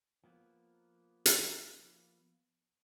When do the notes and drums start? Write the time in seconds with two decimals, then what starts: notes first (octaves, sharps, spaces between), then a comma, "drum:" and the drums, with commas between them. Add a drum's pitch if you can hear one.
0.24 F3 A#3 B3
1.26 drum: hi-hat